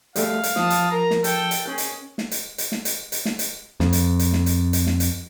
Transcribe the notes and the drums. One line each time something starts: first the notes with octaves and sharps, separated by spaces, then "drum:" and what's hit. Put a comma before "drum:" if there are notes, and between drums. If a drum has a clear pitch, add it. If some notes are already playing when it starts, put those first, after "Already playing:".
G3 A3 F5, drum: hi-hat
drum: hi-hat
F3 A5 D#6, drum: snare
drum: hi-hat
A#4 A#5
drum: snare
A4 G5, drum: hi-hat
drum: hi-hat
C#4 G#4
drum: hi-hat
drum: snare
drum: hi-hat
drum: hi-hat
drum: snare
drum: hi-hat
drum: hi-hat
drum: snare
drum: hi-hat
F2, drum: snare
drum: hi-hat
drum: hi-hat
drum: snare
drum: hi-hat
drum: hi-hat
drum: snare
drum: hi-hat